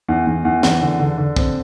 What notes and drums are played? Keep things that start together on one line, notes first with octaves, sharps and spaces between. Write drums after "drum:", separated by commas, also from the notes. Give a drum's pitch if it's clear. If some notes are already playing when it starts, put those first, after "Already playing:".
E2
E2
E2
E2, drum: snare
D3
D3
D3
C4, drum: kick